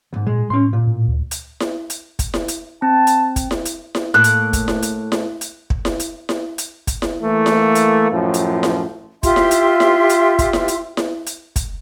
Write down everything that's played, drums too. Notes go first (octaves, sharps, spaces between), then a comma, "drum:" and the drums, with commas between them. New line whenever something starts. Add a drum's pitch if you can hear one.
D2 G#2
A#2 G#3
A2 C#4 C6
A#2
A2
D2
drum: hi-hat
drum: snare E4
drum: hi-hat
drum: kick, hi-hat
drum: snare E4
drum: hi-hat
C4 A5
drum: hi-hat
drum: kick, hi-hat
drum: snare E4
drum: hi-hat
drum: snare E4
A2 A#3 A4 F#6
drum: hi-hat
drum: kick, hi-hat
drum: snare E4
drum: hi-hat
drum: snare E4
drum: hi-hat
drum: kick
drum: snare E4
drum: hi-hat
drum: snare E4
drum: hi-hat
drum: kick, hi-hat
drum: snare E4
E3 A3 A#3
drum: snare E4
drum: hi-hat
F#2 A2 F3
drum: hi-hat
drum: snare E4
F4 G4 E5 C6, drum: kick, hi-hat
drum: snare E4
drum: hi-hat
drum: snare E4
drum: hi-hat
drum: kick, hi-hat
drum: snare E4
drum: hi-hat
drum: snare E4
drum: hi-hat
drum: kick, hi-hat